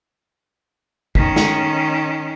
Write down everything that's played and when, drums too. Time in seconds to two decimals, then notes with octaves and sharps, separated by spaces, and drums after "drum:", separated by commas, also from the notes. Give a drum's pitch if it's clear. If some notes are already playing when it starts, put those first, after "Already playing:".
1.15 D#3 C#4, drum: kick G#1
1.36 drum: snare